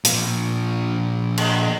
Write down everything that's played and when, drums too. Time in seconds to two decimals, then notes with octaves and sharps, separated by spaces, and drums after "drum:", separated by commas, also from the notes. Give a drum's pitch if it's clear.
0.05 A#2 F3, drum: hi-hat
1.38 drum: cymbal